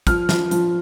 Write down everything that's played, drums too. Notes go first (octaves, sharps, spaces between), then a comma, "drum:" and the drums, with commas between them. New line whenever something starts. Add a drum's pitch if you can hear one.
F3 F6, drum: kick, hi-hat
F3, drum: snare
F3, drum: hi-hat